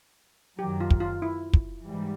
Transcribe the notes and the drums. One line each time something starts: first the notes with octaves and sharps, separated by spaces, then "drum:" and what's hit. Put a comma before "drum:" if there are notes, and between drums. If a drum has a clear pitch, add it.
F#2 D#3 F#3 G4
F4
drum: kick
F4
E4
drum: kick
G#2 E3 G3